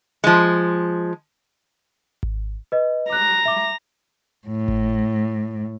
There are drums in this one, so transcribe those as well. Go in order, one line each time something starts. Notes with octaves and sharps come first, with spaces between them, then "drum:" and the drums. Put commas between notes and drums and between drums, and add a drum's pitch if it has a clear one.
F3 G#3
drum: kick G#1
B4 D#5
A#5 D6 F#6
E5 D6
A2
drum: kick G#1